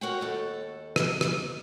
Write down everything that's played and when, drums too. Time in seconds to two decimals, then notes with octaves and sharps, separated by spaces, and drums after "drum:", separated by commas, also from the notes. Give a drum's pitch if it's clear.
0.01 F#4 A#4 C#5 F#5 G5
0.21 D#2 A4
0.96 drum: rim click
1.21 drum: rim click